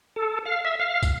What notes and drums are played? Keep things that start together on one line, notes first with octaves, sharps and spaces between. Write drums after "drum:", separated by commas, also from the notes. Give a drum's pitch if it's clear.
A4
F5
E5
F5
drum: kick, tambourine